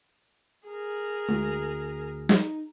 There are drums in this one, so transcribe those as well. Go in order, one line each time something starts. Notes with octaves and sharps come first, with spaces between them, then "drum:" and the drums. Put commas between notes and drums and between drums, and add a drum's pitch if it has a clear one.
G#4 A#4
D2, drum: tom G#3
D#4, drum: snare